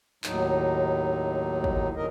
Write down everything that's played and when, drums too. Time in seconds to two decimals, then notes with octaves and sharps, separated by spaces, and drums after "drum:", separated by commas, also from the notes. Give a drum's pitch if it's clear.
0.24 D#2 A2 F#3 D#4, drum: clap
1.64 drum: kick
1.96 E2 G#2 D3 F#3 A#4 D#5